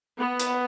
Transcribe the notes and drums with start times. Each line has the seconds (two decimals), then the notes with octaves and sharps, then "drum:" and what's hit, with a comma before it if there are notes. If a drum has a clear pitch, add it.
0.18 B3
0.40 drum: hi-hat